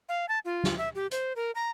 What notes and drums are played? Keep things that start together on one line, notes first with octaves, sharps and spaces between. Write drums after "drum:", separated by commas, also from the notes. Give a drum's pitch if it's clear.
F5
A5
F4
drum: snare
E5
G4
C5, drum: hi-hat
A#4
A#5